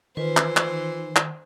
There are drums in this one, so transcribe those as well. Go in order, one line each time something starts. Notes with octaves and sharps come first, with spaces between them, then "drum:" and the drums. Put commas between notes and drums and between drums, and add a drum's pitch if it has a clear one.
D#3 E3 F4 B4 C5
drum: clap
drum: clap
drum: clap